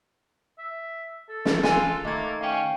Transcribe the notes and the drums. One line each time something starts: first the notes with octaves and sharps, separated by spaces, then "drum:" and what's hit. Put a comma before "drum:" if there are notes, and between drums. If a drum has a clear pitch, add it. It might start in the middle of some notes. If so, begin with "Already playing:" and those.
E5
A4
drum: snare
F4 G#5 C6 E6 F#6, drum: snare
D#3 A3 A#3 G#6
C#4 F5 G5